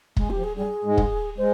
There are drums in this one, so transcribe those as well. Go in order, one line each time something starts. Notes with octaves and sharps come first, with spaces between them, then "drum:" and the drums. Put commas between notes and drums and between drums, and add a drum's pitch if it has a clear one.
G#3, drum: kick
G4
F3
G#4
G2 G3 G#4
G#2 G#3
drum: kick
G#3 C5